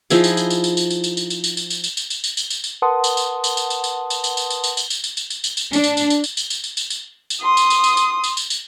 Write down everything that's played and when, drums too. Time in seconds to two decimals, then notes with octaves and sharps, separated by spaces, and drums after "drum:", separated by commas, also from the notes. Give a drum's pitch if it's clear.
0.10 F3 D#4 E4 G#4, drum: tambourine
0.24 drum: tambourine
0.37 drum: tambourine
0.50 drum: tambourine
0.64 drum: tambourine
0.77 drum: tambourine
0.90 drum: tambourine
1.04 drum: tambourine
1.17 drum: tambourine
1.30 drum: tambourine
1.44 drum: tambourine
1.57 drum: tambourine
1.70 drum: tambourine
1.84 drum: tambourine
1.97 drum: tambourine
2.10 drum: tambourine
2.24 drum: tambourine
2.37 drum: tambourine
2.50 drum: tambourine
2.64 drum: tambourine
2.82 A#4 B4 F#5 A5 C6 D#6
3.04 drum: tambourine
3.17 drum: tambourine
3.44 drum: tambourine
3.57 drum: tambourine
3.70 drum: tambourine
3.84 drum: tambourine
4.10 drum: tambourine
4.24 drum: tambourine
4.37 drum: tambourine
4.50 drum: tambourine
4.64 drum: tambourine
4.77 drum: tambourine
4.90 drum: tambourine
5.04 drum: tambourine
5.17 drum: tambourine
5.30 drum: tambourine
5.44 drum: tambourine
5.57 drum: tambourine
5.73 D4, drum: tambourine
5.84 drum: tambourine
5.97 drum: tambourine
6.10 drum: tambourine
6.24 drum: tambourine
6.37 drum: tambourine
6.50 drum: tambourine
6.64 drum: tambourine
6.77 drum: tambourine
6.90 drum: tambourine
7.30 drum: tambourine
7.41 C6 D#6
7.57 drum: tambourine
7.70 drum: tambourine
7.84 drum: tambourine
7.97 drum: tambourine
8.24 drum: tambourine
8.37 drum: tambourine
8.50 drum: tambourine